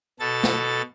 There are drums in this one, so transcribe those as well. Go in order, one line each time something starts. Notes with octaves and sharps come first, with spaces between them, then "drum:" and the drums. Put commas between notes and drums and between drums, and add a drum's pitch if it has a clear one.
B2 A4 A6
drum: snare